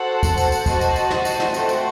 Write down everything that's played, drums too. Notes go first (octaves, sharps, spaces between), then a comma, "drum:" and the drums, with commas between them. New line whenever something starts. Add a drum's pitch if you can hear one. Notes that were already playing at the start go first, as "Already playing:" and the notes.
Already playing: F#4 A4 C5 F#5 A5
drum: kick, tambourine
drum: tambourine
drum: tambourine
F#4 C5 D#5 A5, drum: kick, tambourine
drum: tambourine
drum: tambourine
drum: snare
drum: tambourine
drum: snare
A3 C4 F#4 C5, drum: tambourine
drum: tambourine